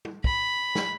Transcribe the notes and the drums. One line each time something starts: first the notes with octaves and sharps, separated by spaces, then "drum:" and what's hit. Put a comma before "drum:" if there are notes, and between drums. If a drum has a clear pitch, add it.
drum: tom
B5, drum: kick
drum: snare